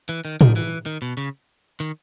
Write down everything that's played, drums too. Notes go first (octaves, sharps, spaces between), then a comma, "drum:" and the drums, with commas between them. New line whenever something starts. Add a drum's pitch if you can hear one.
E3
D#3
D#3, drum: tom
E3
D#3
B2
C#3
D#3